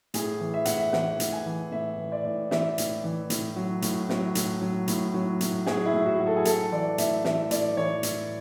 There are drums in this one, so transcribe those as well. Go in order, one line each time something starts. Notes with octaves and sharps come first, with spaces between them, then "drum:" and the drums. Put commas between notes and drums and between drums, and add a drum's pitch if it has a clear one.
A2 G#4, drum: hi-hat
E3
E5
A2 F#5, drum: hi-hat
E5
E3 F#5, drum: snare
A2, drum: hi-hat
G#5
E3
A2 E5
E3
D5
A2
E3 E5, drum: snare
A2, drum: hi-hat
E3
A2, drum: hi-hat
F#3
A2, drum: hi-hat
F#3, drum: snare
A2, drum: hi-hat
F#3
A2, drum: hi-hat
F#3
A2, drum: hi-hat
F#3 G#4, drum: snare
E4
A2
F#4
F#3
A4
G#4
A2 A4, drum: hi-hat
E3 D5
A2 E5, drum: hi-hat
E3 E5, drum: snare
A2 D5, drum: hi-hat
E3 C#5
A2, drum: hi-hat